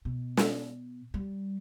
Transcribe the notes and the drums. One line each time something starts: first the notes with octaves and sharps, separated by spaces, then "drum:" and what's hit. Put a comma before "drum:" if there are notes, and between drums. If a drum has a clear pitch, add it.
B2
drum: snare
G3